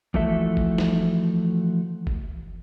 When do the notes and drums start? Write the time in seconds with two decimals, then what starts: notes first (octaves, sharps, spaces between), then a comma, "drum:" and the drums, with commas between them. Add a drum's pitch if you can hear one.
0.14 E3 F3 A3 F#4 A4 E5, drum: kick F#1
0.57 drum: kick F#1
0.78 drum: snare
2.07 drum: kick F#1